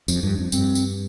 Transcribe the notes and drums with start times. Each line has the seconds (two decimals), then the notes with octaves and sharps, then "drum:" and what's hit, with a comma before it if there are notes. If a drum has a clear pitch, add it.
0.08 F2, drum: tambourine
0.23 G2
0.38 F2
0.52 G2 C4, drum: tambourine
0.75 drum: tambourine